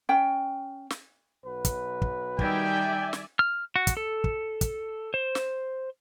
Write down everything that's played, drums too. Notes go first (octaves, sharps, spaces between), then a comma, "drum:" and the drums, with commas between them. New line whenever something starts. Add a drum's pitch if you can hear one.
C#4 G5
drum: snare
B1 F#4 B4
drum: kick, hi-hat
drum: kick
D#3 G3 D5 E5 G5 G#5, drum: kick
drum: snare
F6
F#4
drum: kick, hi-hat
A4
drum: kick
drum: kick, hi-hat
C5
drum: snare